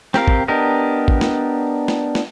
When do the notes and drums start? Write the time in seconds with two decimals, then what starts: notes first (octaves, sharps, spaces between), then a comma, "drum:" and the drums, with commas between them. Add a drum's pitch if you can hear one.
0.14 C4 G4 A#4 F5, drum: snare
0.28 drum: kick
0.48 B3 D4 G4 A#4 D#5
1.08 drum: kick
1.21 drum: snare
1.88 drum: snare
2.15 drum: snare